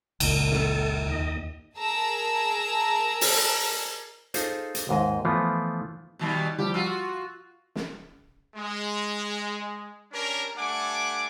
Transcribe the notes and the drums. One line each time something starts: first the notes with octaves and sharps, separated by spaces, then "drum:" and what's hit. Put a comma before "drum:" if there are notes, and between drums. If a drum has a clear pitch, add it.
F#1 C#2 A#2, drum: cymbal
A4, drum: snare
D#2 D#5
G#4 A#4 A5 A#5 E6
drum: open hi-hat
D#4 F4 G#4 A4 C5, drum: hi-hat
drum: hi-hat
D#2 G#2 D#5
E3 F3 A3 B3 F4
B2 D#3 G3
F3 G3 G4
F4 F#4 E6
drum: snare
G#3
G3 C#4 D4 A#4
G3 A3 D4 F#5 G#5 D6